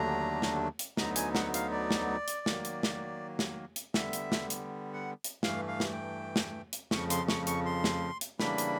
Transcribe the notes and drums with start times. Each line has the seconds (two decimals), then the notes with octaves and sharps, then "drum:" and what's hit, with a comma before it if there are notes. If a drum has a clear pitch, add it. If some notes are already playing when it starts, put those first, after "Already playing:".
Already playing: D#2 D3 F#3 A3 D4 A#5
0.42 drum: snare
0.79 drum: hi-hat
0.97 D2 D3 F#3 B3 D#4 A#5, drum: snare
1.16 G#5, drum: hi-hat
1.35 F#5, drum: snare
1.54 F5, drum: hi-hat
1.72 D5
1.91 drum: snare
2.28 drum: hi-hat
2.46 D#3 F#3 A#3, drum: snare
2.65 drum: hi-hat
2.83 drum: snare
3.39 drum: snare
3.76 drum: hi-hat
3.94 D3 G3 B3 E5, drum: snare
4.13 drum: hi-hat
4.32 drum: snare
4.50 drum: hi-hat
4.93 F#5
5.24 drum: hi-hat
5.43 G2 E3 A3 F5, drum: snare
5.68 F5
5.80 drum: snare
5.92 G5
6.36 drum: snare
6.73 drum: hi-hat
6.91 F2 C#3 F3 C#6, drum: snare
7.10 C6, drum: hi-hat
7.29 C#6, drum: snare
7.47 C#6, drum: hi-hat
7.66 C6
7.84 drum: snare
8.21 drum: hi-hat
8.40 C#3 E3 G3 A#3 D4 B5, drum: snare
8.58 drum: hi-hat